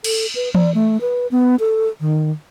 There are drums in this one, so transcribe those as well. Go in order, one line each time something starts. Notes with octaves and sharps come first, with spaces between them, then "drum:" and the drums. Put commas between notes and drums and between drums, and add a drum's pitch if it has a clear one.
A4, drum: cymbal
B4
D5, drum: tom E3
A3
B4
B3
A4
D#3